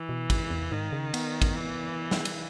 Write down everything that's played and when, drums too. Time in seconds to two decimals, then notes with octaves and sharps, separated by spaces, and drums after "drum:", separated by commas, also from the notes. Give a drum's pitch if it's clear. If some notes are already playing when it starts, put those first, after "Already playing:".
Already playing: E3
0.09 B2
0.30 drum: kick, cymbal
0.50 E2
0.71 G#2 D#3
0.92 C#3
1.14 B3, drum: cymbal
1.42 drum: kick, cymbal
1.56 E3
2.11 drum: snare
2.25 drum: cymbal